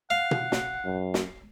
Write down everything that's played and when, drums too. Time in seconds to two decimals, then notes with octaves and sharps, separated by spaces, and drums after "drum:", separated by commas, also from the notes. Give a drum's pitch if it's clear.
0.10 F5 F#5
0.31 drum: tom B2
0.52 drum: snare
0.85 F#2
1.14 drum: snare